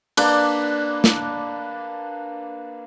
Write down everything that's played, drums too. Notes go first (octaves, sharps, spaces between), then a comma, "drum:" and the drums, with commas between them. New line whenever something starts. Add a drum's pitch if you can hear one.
A#3 D4 B4, drum: cymbal
drum: snare